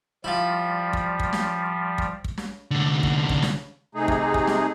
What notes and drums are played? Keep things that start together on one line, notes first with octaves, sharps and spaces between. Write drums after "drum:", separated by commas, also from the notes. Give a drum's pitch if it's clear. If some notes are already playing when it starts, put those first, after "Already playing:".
F3 G3 E4 F4
drum: kick
drum: kick
drum: snare
drum: kick
drum: kick
drum: snare
C2 D3
drum: kick
drum: kick
drum: snare
C3 A3 D#4 G#4
drum: kick
drum: kick
drum: snare